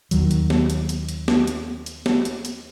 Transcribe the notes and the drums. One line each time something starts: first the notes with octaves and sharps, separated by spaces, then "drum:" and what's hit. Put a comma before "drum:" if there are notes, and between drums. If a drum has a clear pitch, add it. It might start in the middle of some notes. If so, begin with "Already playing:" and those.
D#2 D#3 F#3, drum: hi-hat
drum: hi-hat
drum: snare
drum: hi-hat
drum: hi-hat
drum: hi-hat
drum: snare
drum: hi-hat
drum: hi-hat
drum: snare
drum: hi-hat
drum: hi-hat